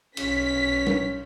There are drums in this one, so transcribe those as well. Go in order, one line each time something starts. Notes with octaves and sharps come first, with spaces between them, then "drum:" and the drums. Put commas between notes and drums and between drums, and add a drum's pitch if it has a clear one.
B1 C#4 B6, drum: cymbal
drum: tom F#3